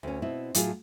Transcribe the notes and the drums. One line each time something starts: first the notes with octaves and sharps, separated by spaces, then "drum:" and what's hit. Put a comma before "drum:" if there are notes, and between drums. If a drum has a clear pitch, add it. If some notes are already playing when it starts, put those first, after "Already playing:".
D2 C#4
B2 C4 E4
A2 F#3 F4 G#4, drum: hi-hat